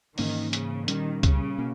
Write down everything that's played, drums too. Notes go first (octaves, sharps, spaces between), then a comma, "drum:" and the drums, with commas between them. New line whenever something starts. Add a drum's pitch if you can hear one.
G#2 D#3 E3 A#3 C#4, drum: open hi-hat
C#3, drum: hi-hat
A#2 D#3 G3 C#4, drum: hi-hat
C#3, drum: kick C#2, hi-hat
B2 A#3 C#4